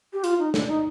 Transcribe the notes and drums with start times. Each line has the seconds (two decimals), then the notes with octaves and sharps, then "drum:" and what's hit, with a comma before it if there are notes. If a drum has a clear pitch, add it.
0.13 G4
0.24 F4, drum: hi-hat
0.39 D#4
0.54 D4, drum: snare
0.68 D#4